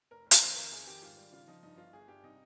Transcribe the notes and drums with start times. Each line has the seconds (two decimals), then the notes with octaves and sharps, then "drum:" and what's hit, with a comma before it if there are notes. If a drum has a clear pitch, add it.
0.11 F1 A#4
0.26 F1
0.31 F4, drum: hi-hat
0.41 D#3 C5
0.56 F2 A#4
0.71 F2 G#4
0.87 D#3 G4
1.02 G#2 F4
1.17 G3
1.33 C#3 F4
1.47 F3 D#4
1.63 G2 D#4
1.78 G1 F4
1.93 G1 G#4
2.08 G2 G4
2.23 C3 D#4